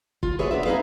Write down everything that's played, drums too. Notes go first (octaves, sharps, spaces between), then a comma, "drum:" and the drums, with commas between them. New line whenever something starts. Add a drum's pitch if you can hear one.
F4, drum: kick
F#4 G#4 B4 C#5 E5
B3 D4 E5
C4 D#4 G#4 B4 F5